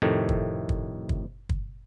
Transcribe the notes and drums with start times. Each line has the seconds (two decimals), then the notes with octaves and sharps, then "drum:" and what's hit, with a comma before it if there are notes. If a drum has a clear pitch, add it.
0.02 F2 A2 C3 D#3 A3
0.29 drum: kick
0.69 drum: kick
1.09 drum: kick
1.49 drum: kick